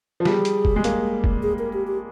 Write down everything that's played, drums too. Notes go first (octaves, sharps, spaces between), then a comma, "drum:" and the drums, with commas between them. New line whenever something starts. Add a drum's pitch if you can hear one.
F3
G3 G#4, drum: snare
drum: hi-hat
drum: kick
G#3
A#3, drum: hi-hat
drum: kick
G#4
A#4
G4
G4